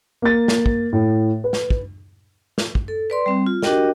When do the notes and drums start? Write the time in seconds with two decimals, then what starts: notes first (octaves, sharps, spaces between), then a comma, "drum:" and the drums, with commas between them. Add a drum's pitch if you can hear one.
0.22 A#3 A6
0.48 drum: snare
0.66 drum: kick
0.93 A2
1.44 B4
1.53 drum: snare
1.70 drum: kick
2.58 drum: snare
2.75 drum: kick
2.88 A4
3.10 B4 D5 C6
3.26 G3 C4
3.46 F4
3.62 D4 F#4 G4 A#4 D#5 G5, drum: snare